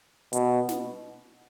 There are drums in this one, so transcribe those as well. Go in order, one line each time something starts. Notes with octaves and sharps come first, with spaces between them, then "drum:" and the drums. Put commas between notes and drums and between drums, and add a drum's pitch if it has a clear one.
B2, drum: hi-hat
drum: snare